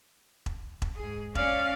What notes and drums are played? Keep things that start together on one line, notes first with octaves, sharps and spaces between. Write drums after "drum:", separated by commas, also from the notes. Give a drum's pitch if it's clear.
drum: kick E1
drum: kick E1
G#2 G#4
C#4 D5 F5, drum: kick E1